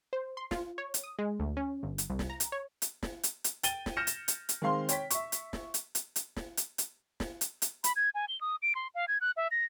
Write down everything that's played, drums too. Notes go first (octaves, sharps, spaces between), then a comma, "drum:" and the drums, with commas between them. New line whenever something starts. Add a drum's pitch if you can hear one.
C5
C6
F4, drum: snare
C#5
drum: hi-hat
D#6
G#3
D2
C#4
G1
drum: hi-hat
C2
drum: snare
A#5
drum: hi-hat
C#5
drum: hi-hat
drum: snare
drum: hi-hat
drum: hi-hat
G5 A6 D#7 G7, drum: hi-hat
drum: snare
F6 G6 A#6 C#7 E7
drum: hi-hat
drum: hi-hat
drum: hi-hat
D#3 G#3 C4 F5 C6
C#5 G5 B6, drum: hi-hat
E5 C#6, drum: hi-hat
drum: hi-hat
drum: snare
drum: hi-hat
drum: hi-hat
drum: hi-hat
drum: snare
drum: hi-hat
drum: hi-hat
drum: snare
drum: hi-hat
drum: hi-hat
B5, drum: hi-hat
G#6
G#5
G7
D#6
D7
C6
F5
G#6
F#6
E5
A#6